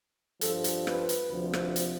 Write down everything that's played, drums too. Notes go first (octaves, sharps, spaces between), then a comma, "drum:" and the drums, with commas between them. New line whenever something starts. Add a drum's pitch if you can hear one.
G2 F3 A4, drum: hi-hat
drum: hi-hat
B4, drum: rim click
drum: hi-hat
D2 C3 F3
drum: rim click
drum: hi-hat